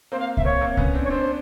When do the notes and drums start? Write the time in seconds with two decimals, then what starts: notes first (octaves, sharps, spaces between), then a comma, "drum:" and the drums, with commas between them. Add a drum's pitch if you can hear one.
0.12 A#3 C4 C5
0.20 F5
0.37 E5, drum: kick C2
0.44 A#3 C4 C#5
0.61 A#3 C4
0.77 B3 C#4, drum: kick C2
0.94 C4 D4
1.04 C#5
1.10 C4 D4 C5